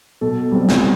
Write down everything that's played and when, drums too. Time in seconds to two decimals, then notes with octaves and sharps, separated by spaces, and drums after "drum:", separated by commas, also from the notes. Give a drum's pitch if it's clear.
0.21 B2 A4
0.51 G3 C4
0.69 drum: snare